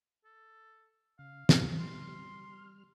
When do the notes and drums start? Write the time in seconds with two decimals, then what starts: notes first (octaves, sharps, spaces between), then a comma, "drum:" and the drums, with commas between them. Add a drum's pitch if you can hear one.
0.25 A4
1.19 C#3 F5
1.49 D2, drum: snare
1.79 G3 C6 F6